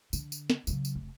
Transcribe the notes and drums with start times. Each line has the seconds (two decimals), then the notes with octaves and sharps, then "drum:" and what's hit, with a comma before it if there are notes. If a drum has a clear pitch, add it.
0.13 D3, drum: tambourine
0.32 drum: tambourine
0.50 drum: snare
0.67 C#3 F#3, drum: tambourine
0.85 drum: tambourine
0.95 F1